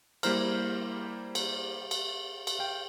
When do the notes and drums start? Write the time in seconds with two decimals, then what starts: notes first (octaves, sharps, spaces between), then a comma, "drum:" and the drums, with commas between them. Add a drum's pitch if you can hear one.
0.23 G3 A#3 E4 C5 A#5 F6, drum: cymbal
1.35 drum: cymbal
1.91 drum: cymbal
2.47 drum: cymbal
2.59 F5 G5